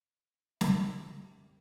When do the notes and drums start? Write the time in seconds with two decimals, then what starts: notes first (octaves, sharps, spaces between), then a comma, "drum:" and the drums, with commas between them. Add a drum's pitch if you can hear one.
0.61 A#3 F4 G4 A4 E5 E6, drum: snare
1.24 C2 F#2